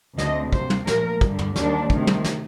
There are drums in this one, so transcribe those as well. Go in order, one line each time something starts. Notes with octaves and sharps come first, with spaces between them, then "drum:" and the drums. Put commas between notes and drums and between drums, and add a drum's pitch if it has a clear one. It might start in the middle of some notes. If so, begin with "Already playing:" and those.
D2 D3 A3 C4 D#5, drum: snare
C3 G3 A#3 C5, drum: kick
drum: tom
A#2 F3 A3 A#4, drum: snare
G2 D3 G3, drum: kick
drum: tom
D#2 D#3 G3 D4, drum: snare
D2 C3 D#3, drum: kick
drum: tom
drum: snare